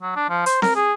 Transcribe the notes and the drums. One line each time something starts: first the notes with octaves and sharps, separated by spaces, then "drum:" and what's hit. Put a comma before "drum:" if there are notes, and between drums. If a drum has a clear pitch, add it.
F#3
D4
F3
C5, drum: hi-hat
A#4, drum: snare C4
G#4